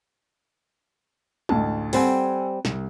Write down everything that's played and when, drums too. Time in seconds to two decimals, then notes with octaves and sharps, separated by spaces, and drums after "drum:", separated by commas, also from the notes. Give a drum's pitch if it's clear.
1.49 A1 D2 A5, drum: tom G#3
1.93 G3 C4 A4 F#5 G#5, drum: open hi-hat
2.65 C2, drum: snare